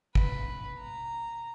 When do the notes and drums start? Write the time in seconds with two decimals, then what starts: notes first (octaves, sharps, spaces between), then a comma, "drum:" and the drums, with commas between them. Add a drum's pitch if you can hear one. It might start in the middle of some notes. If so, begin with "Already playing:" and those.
0.15 B4, drum: kick
0.80 A#5